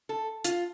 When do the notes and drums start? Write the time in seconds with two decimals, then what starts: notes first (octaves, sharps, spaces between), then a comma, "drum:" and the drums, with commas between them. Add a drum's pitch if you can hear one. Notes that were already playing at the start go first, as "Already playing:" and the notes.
0.09 A4
0.45 F4, drum: hi-hat